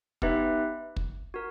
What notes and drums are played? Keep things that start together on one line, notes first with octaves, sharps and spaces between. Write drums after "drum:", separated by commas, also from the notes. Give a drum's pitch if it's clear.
B3 D#4 G4 B4 E5, drum: kick
drum: kick
F#4 A#4